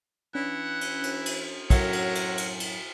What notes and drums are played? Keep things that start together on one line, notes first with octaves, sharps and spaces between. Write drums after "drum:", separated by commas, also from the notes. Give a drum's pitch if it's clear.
E3 C#4 D4 F#5
drum: cymbal
drum: cymbal
drum: cymbal
F#2 A2 F#3 A#4, drum: kick, cymbal
drum: cymbal
drum: cymbal
drum: cymbal
drum: cymbal